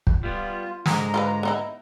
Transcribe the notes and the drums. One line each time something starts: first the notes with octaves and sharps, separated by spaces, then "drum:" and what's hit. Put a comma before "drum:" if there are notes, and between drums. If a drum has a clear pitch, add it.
drum: kick
G3 B3 F4
G#2 D3 G#3 A#5, drum: snare
F4 A#4 B4
B3 D#4 E4